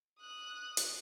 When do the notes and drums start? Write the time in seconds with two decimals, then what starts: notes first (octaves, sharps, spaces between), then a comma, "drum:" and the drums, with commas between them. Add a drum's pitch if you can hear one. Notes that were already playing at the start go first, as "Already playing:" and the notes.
0.20 D#6 F#6
0.77 drum: hi-hat